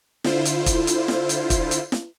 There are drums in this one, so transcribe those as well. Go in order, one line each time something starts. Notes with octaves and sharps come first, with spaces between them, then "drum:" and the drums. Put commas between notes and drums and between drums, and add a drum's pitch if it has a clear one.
D3 E4 F4 C5, drum: snare
drum: hi-hat
drum: kick, hi-hat
drum: hi-hat
drum: snare
drum: hi-hat
drum: kick, hi-hat
drum: hi-hat
drum: snare